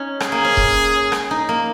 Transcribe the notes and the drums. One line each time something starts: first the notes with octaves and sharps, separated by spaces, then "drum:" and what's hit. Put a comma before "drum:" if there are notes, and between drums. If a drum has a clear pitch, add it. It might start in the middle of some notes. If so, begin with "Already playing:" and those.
Already playing: C#4 D#4
G#4, drum: rim click
A#3
C#4
drum: kick E1
drum: rim click
D#4
A#3